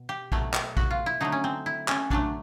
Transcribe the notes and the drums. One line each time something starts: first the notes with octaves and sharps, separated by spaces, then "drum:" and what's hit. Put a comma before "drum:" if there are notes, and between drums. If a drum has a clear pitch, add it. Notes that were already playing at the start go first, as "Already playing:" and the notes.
Already playing: B2
G4
B2 F#3 A3, drum: kick A#1
drum: clap
F#4, drum: kick A#1
F4
E4
D3 F#3 A3 D#4
C#4
C4
E4
C#4, drum: clap
D3 F#3 A3 D4, drum: kick A#1